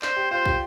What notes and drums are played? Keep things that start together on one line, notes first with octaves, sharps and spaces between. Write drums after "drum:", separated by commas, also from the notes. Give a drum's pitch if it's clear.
C5 D5, drum: clap
G4
F4 C5
G4, drum: kick